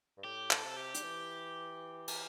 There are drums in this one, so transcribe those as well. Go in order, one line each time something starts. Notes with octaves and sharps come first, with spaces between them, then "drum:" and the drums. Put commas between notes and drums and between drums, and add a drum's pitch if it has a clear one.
G2
A2 G4
A4, drum: clap
C3
G4
G3, drum: hi-hat
E3
drum: cymbal